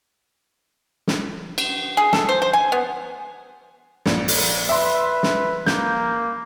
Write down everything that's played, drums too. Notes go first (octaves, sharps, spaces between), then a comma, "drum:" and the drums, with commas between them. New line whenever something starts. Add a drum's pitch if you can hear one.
drum: snare
drum: cymbal
G#4
A4, drum: snare
C5
C5
G#5
B3
A#1, drum: snare
drum: open hi-hat
B4 E5 C6
drum: snare
A#3 G6, drum: snare